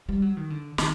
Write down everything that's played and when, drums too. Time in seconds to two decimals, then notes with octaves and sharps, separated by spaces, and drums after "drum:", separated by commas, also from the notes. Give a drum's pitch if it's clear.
0.09 G3
0.22 F#3
0.37 D#3
0.50 D3
0.78 D#3, drum: snare